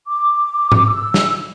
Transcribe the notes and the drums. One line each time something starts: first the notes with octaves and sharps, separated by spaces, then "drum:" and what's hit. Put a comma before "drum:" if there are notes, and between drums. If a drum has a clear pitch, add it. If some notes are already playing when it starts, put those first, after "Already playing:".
D6
drum: tom
E6
drum: snare